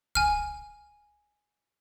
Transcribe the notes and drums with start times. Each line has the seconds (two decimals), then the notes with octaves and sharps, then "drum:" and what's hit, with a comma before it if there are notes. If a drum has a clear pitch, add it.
0.15 G#5 F6, drum: kick